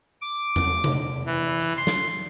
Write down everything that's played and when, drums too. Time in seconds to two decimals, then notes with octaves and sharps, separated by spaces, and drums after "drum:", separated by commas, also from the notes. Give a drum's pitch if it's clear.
0.22 D6
0.56 drum: tom E2
0.84 drum: tom C3
1.26 E3
1.60 drum: hi-hat
1.77 C6
1.87 drum: snare